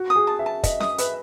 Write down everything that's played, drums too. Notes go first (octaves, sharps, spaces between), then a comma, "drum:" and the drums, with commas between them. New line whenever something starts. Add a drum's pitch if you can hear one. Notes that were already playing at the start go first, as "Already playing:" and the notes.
Already playing: F#4
D#6
G#4
A5
E5
A5
D#5 E5, drum: kick, hi-hat
D#6, drum: snare C#4
B4 E5, drum: hi-hat